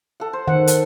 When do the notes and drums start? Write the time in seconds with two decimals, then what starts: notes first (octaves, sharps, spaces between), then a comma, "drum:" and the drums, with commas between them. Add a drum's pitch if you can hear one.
0.20 A4 F#5
0.33 C5
0.48 D#3 F#5
0.67 A5, drum: hi-hat